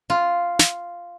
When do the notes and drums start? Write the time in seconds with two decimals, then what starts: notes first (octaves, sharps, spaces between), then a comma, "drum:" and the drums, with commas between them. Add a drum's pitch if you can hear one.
0.10 F4
0.59 drum: snare